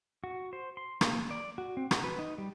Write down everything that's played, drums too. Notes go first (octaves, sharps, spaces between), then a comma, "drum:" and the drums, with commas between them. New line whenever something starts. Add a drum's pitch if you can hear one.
F#4
C5
C6
A#3, drum: rim click
D5
F#4
C4
F#4, drum: rim click
B4
D#4
G3